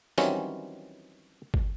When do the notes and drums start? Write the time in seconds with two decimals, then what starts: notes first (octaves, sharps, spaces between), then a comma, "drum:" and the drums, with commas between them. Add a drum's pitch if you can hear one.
0.18 D#3 E3 F#3 G3 C4 C#4, drum: tambourine
1.54 drum: kick